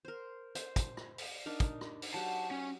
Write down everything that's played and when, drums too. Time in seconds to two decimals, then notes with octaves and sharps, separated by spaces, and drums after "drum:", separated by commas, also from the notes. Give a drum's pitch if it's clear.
0.05 A#4 C5
0.55 C5, drum: hi-hat
0.76 drum: kick, hi-hat
0.97 drum: rim click
1.18 drum: open hi-hat
1.46 D4 D#4 A#4
1.60 drum: kick, hi-hat
1.81 drum: rim click
2.02 drum: open hi-hat
2.14 F#3 G4 F#5 A5
2.51 C#4